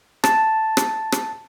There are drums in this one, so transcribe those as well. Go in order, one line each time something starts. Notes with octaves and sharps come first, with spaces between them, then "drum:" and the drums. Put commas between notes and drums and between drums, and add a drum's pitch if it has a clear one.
A5, drum: rim click
drum: rim click
drum: rim click